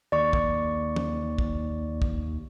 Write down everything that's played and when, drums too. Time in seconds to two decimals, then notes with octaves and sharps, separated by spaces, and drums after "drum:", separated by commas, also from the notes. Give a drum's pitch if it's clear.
0.12 D#2 D5 C#6
0.33 drum: kick
0.96 drum: tom
1.38 drum: kick
2.02 drum: kick